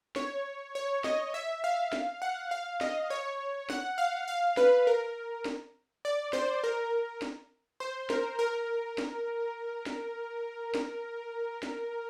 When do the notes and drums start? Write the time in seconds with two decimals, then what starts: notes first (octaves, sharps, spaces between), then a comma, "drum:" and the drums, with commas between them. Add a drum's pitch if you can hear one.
0.16 C#5, drum: snare
0.75 C#5
1.04 D#5, drum: snare
1.34 E5
1.64 F5
1.93 drum: snare
2.22 F#5
2.51 F5
2.81 D#5, drum: snare
3.10 C#5
3.70 F#5, drum: snare
3.98 F5
4.28 F5
4.57 B4, drum: snare
4.87 A#4
5.45 drum: snare
6.05 D5
6.33 C5, drum: snare
6.64 A#4
7.22 drum: snare
7.80 C5
8.10 A#4, drum: snare
8.39 A#4
8.98 drum: snare
9.86 drum: snare
10.75 drum: snare
11.63 drum: snare